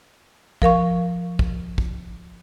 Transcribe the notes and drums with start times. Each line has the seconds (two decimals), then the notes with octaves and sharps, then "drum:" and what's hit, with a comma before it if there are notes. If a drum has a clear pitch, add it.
0.62 F3 A#4 F5 C#6, drum: kick
1.39 drum: kick
1.78 drum: kick